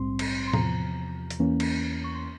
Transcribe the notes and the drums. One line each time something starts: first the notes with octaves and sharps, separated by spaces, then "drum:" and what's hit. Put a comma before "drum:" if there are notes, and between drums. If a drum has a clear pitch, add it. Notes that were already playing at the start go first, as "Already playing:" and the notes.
Already playing: A#1 G#2 G3 C4 C6
drum: cymbal
C6
E2 C3 F3 A#5, drum: tom A2
drum: hi-hat
E2 E3 A#3 C#4
drum: cymbal
C#6
C6